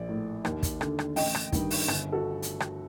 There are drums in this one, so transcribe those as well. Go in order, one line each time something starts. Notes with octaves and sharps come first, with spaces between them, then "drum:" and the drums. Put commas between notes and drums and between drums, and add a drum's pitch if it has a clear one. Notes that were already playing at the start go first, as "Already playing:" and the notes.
Already playing: A#1 D5
A2
D#2, drum: rim click
drum: kick, hi-hat
D3, drum: rim click
drum: rim click
A1 D#5 G5, drum: open hi-hat
drum: rim click
G2 D#3, drum: kick, hi-hat
drum: open hi-hat
G1, drum: rim click
F#4 A4
drum: hi-hat
drum: rim click